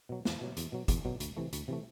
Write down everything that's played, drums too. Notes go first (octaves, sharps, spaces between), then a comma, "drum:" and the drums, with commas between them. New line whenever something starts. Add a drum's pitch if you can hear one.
B2 F#3
E2, drum: snare
B2 F#3
E2, drum: hi-hat
B2 F#3
E2, drum: kick, hi-hat
B2 F#3
D2, drum: hi-hat
C3 E3 A3
D2, drum: hi-hat
C3 E3 A3